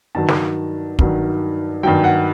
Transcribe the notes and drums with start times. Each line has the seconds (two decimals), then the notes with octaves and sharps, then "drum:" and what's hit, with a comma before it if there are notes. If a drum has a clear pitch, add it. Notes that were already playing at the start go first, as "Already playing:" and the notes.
0.15 G2 D#3 F#3 A5
0.28 drum: snare
0.99 G2 D#3 F#3, drum: kick
1.83 G2 D#3 F#3 G5
2.04 F#5